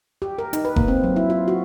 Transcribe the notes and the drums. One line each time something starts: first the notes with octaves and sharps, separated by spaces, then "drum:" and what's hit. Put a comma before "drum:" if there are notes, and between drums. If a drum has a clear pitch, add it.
G4
A#4
D#4, drum: hi-hat
B4
A#3, drum: kick F1
C4
F#3
E4
F4
F#4